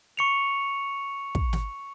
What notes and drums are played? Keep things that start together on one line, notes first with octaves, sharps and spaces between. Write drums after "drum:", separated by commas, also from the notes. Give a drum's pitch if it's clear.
C#6 C#7 F7
drum: kick
drum: snare